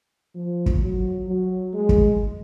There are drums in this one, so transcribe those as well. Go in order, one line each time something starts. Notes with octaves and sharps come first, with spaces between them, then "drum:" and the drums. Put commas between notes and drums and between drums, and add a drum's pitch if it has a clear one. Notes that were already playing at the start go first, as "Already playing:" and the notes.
F3
drum: kick
F#3
F#3
G#3
drum: kick